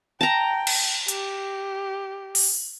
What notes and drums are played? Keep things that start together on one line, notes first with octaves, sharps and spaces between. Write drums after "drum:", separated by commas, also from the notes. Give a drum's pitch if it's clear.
G5 A5 A#5
drum: cymbal
G4, drum: hi-hat
drum: open hi-hat